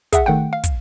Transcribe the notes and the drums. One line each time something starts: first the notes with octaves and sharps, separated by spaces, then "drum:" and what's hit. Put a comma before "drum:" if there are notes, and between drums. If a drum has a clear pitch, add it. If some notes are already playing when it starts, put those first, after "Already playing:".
G#4 E5 F#5, drum: kick, hi-hat
D#3 A3 F#5 G5
F5
drum: kick, hi-hat